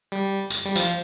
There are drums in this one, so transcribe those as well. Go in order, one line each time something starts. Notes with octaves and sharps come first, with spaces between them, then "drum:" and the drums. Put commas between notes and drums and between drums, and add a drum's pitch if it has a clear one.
G3
drum: tambourine
G3
F3, drum: tambourine